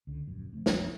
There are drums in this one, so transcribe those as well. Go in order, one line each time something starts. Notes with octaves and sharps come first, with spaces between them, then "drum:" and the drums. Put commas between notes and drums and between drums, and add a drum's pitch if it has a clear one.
C#2 D3
D#1 A#1 F#2
C3 F3 A3 C#4
F#1 B1 F2 F3, drum: snare